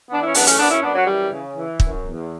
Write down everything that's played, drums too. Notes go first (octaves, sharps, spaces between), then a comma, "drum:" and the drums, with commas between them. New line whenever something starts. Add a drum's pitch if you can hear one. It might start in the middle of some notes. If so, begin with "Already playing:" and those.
E3 B3 D4
C#4 E4
F#2 B3 D4, drum: open hi-hat
A3 C#4, drum: hi-hat
F#2 B3 D4
C#4 E4
F#2 B3 D4
F#3
E3 G3
C#3
E3
F#2, drum: kick
E2